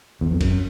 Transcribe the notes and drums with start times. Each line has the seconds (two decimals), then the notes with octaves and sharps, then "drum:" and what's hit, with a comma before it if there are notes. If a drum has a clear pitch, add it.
0.21 E2
0.31 F2
0.41 F#2, drum: kick, cymbal